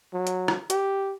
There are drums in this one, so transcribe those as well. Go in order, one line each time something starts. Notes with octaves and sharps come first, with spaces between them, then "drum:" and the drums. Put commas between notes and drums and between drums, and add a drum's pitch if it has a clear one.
F#3
drum: hi-hat
drum: rim click
G4, drum: hi-hat